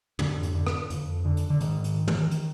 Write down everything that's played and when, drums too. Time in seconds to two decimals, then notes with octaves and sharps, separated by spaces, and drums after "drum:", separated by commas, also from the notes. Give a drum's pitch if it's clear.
0.19 F2 D3, drum: tom
0.43 drum: hi-hat
0.55 D3
0.67 drum: rim click
0.90 F2, drum: hi-hat
1.25 D3
1.37 drum: hi-hat
1.50 D3
1.61 G#2 D#3, drum: hi-hat
1.84 drum: hi-hat
2.08 drum: tom
2.31 drum: hi-hat